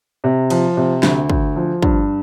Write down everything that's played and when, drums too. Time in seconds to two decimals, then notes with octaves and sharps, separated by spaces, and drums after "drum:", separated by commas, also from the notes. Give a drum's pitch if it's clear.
0.24 C3
0.50 F3, drum: cymbal
0.77 C3
1.03 D2, drum: snare
1.30 D2, drum: kick
1.56 F3
1.82 G2, drum: kick